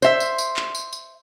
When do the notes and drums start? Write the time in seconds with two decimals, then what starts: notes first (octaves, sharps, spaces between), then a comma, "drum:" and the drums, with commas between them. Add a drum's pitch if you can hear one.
0.02 C5 E5, drum: tambourine
0.20 drum: tambourine
0.38 drum: tambourine
0.56 drum: clap
0.75 drum: tambourine
0.93 drum: tambourine